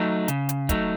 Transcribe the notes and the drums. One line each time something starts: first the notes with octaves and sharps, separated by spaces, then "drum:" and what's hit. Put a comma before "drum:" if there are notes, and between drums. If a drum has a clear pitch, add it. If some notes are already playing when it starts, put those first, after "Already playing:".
Already playing: F#3 A3 D#4
C#3, drum: hi-hat
drum: hi-hat
F#3 A3 D#4, drum: kick, hi-hat